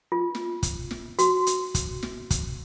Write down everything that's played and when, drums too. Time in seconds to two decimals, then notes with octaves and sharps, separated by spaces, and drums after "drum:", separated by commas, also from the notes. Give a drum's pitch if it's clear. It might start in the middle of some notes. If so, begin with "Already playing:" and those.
0.12 F4
0.35 drum: snare
0.63 drum: kick, hi-hat
0.91 drum: snare
1.19 F#4, drum: hi-hat
1.47 drum: hi-hat
1.75 drum: kick, hi-hat
2.03 drum: snare
2.31 drum: kick, hi-hat